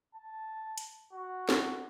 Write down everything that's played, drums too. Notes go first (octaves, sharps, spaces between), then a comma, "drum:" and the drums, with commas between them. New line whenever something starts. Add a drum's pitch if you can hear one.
A5
drum: hi-hat
F#4
drum: snare